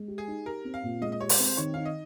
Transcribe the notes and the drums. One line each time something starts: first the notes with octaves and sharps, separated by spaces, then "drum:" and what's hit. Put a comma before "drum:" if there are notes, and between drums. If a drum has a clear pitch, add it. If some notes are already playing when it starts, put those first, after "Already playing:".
Already playing: G#3
G4
G#4
D#4
G4 A#4
C4
F5
A#2
G#3 D#5
D#5
G4 C#5
C5, drum: open hi-hat
C4
C5
D#3 C#5
D#4 F5
D#5